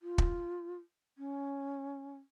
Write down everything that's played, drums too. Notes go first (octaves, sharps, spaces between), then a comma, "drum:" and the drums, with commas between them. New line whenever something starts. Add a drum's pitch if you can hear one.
F4
drum: kick
C#4